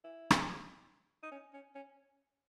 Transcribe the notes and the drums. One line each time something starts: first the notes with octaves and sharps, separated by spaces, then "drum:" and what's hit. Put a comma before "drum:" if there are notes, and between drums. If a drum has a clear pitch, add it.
E4
drum: rim click
D#4
C#4
C#4
C#4